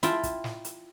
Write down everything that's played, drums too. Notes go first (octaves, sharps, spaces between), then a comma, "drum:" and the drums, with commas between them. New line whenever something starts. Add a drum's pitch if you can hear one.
E4 F4 G5 A5, drum: hi-hat
drum: kick, hi-hat
drum: snare
drum: hi-hat